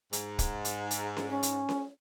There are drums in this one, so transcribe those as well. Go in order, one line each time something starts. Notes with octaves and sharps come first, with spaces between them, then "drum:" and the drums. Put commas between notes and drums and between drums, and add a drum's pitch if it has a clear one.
G#2, drum: hi-hat
drum: kick, hi-hat
drum: hi-hat
drum: hi-hat
drum: snare C#4
C#4
drum: hi-hat
drum: snare C#4